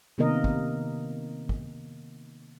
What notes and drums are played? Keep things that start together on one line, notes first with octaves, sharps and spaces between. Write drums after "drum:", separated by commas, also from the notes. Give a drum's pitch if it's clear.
C3 D#3 A#3 B3 A#4 D#5
drum: kick
drum: kick